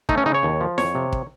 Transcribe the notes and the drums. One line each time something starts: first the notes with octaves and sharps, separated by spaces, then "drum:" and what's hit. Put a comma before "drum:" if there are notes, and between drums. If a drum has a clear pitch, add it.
A3 D#4, drum: kick
C#4
C#3 D#4
C#5
D#2
F3
F2 C#5, drum: snare E4
C3
drum: kick